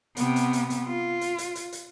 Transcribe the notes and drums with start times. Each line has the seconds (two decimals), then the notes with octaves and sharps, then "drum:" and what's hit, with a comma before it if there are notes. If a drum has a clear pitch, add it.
0.17 C3 B3, drum: hi-hat
0.36 drum: hi-hat
0.53 drum: hi-hat
0.70 drum: hi-hat
0.87 F4
1.21 drum: hi-hat
1.38 drum: hi-hat
1.55 drum: hi-hat
1.73 drum: hi-hat